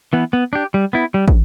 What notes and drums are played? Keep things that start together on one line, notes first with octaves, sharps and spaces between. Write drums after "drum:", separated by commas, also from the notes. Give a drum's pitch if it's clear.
E3 B3
B3
D4 G4
G3
B3 E4
G3
drum: kick